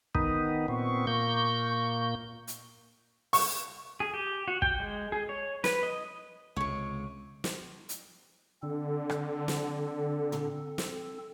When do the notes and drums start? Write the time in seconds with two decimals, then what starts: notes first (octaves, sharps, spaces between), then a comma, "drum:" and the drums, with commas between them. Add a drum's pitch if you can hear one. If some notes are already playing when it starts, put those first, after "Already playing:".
0.15 D#3 B3 D#4, drum: kick
0.68 A#2 B3 C4 C#6
1.07 A#2 A#3 G6
2.47 drum: hi-hat
3.33 C#6, drum: open hi-hat
4.00 G#4
4.14 G4
4.48 F#4
4.62 G5, drum: kick
4.80 G#3
5.12 G#4
5.29 C#5
5.64 B4, drum: snare
5.83 D#5
6.56 C#2 C3 C#5 C#6
7.44 drum: snare
7.89 drum: hi-hat
8.63 D3 C4 A4
9.09 drum: rim click
9.48 drum: snare
10.32 drum: tom
10.78 drum: snare